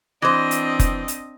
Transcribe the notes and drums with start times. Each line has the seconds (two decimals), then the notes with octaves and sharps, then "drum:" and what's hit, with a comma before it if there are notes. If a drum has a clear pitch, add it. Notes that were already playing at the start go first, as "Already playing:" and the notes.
0.22 E3 C4 D4 C5 D#5
0.51 drum: hi-hat
0.79 drum: kick F1, hi-hat
1.08 drum: hi-hat